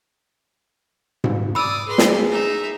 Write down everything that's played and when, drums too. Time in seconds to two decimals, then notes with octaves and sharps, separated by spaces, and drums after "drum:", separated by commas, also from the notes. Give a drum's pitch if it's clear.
1.24 drum: tom G#2
1.55 D5 B5 D#6 E6
1.89 G#4 B4 C6
1.98 drum: snare
2.31 D#4 E5